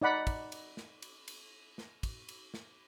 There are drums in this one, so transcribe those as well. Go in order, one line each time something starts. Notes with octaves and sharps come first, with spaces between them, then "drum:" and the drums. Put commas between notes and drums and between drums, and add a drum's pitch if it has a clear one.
D#4 D5 F#5 B5
drum: kick, cymbal
drum: cymbal
drum: snare
drum: cymbal
drum: cymbal
drum: snare
drum: kick, cymbal
drum: cymbal
drum: snare